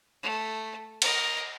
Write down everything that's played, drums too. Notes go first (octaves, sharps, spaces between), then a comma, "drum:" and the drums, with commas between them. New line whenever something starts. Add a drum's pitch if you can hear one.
A3
A#4 D#5, drum: cymbal